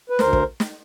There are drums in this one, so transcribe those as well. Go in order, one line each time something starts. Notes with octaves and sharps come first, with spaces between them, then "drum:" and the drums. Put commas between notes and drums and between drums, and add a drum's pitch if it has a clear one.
B4
D2 A#4 C5, drum: snare
drum: kick
drum: snare